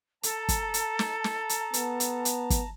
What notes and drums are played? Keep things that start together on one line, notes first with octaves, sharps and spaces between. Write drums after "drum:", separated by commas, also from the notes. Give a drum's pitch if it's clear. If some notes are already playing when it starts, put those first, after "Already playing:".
A4 A5 A#5, drum: hi-hat
drum: kick, hi-hat
drum: hi-hat
drum: snare
drum: snare
drum: hi-hat
B3, drum: hi-hat
drum: hi-hat
drum: hi-hat
drum: kick, hi-hat